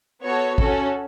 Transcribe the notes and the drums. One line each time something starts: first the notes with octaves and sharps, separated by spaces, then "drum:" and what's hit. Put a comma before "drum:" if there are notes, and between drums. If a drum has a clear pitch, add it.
B3 F#4 A4 C#5
C#4 F#4 A4, drum: kick